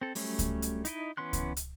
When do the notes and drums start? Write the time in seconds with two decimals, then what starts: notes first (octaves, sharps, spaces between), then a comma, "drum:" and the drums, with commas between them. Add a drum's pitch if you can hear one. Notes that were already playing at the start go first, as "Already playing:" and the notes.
0.01 C4 A4
0.15 F#3 G3 A3 C#4, drum: open hi-hat
0.39 drum: kick C#2, hi-hat
0.62 drum: hi-hat
0.85 D#4 E4 D#5, drum: hi-hat
1.17 E3 B3 C#4 C6 F#6
1.33 drum: kick C#2, hi-hat
1.57 drum: hi-hat